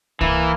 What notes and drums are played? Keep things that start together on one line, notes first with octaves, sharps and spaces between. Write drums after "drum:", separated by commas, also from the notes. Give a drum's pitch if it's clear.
E3 A#3, drum: kick C2